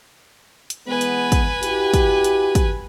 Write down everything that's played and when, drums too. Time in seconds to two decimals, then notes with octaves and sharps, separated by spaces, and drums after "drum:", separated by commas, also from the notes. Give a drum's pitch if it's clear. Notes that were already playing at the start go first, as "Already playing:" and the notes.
0.70 drum: hi-hat
0.87 E3 G#3 B3 B4 G#5
1.01 drum: hi-hat
1.32 drum: kick, hi-hat
1.63 E4 F#4 G4, drum: hi-hat
1.94 drum: kick, hi-hat
2.24 drum: hi-hat
2.55 drum: kick, hi-hat